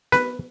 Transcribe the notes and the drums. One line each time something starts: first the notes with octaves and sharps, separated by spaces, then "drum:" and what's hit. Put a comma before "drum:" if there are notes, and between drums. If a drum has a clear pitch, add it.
B4, drum: snare B3